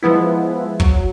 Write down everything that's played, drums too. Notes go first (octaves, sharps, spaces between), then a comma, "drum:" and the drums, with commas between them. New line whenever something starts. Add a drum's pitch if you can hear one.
F3 G#3 B3 E4
F#3, drum: kick